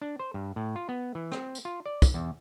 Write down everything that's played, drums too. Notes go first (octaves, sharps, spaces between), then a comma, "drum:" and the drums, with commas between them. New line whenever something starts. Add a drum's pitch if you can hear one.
D4
C5
G2
A2
F4
B3
E3
C4, drum: rim click
drum: tambourine
F4
D5
drum: kick, tambourine
E2